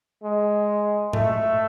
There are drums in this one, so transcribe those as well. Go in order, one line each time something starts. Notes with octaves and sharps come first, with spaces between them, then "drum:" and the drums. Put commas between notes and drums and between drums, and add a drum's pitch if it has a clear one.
G#3
A3, drum: tom G#2